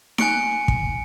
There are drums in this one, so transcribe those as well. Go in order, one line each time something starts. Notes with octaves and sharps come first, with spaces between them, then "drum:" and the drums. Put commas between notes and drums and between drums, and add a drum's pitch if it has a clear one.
G#5 F#6 C#7 D7, drum: snare D#4
drum: kick